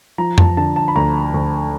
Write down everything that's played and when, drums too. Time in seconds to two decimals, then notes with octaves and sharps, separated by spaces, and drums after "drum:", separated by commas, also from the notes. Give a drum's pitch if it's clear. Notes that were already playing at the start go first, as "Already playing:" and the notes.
0.18 F3 A#5
0.38 A5, drum: tom F2
0.57 D3 A5
0.76 A5
0.88 B5
0.95 D2 A#5
1.34 D2